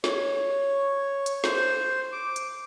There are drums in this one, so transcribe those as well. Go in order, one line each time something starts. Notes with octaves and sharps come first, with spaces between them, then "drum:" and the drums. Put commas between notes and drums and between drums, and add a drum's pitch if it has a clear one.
C#5, drum: snare
drum: hi-hat
C5, drum: snare
D6
drum: hi-hat